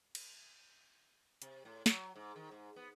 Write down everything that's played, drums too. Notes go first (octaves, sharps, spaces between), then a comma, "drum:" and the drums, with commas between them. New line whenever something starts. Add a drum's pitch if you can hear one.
drum: cymbal
C3, drum: hi-hat
A2
F#3, drum: snare
G#2
D#3
G#2
B3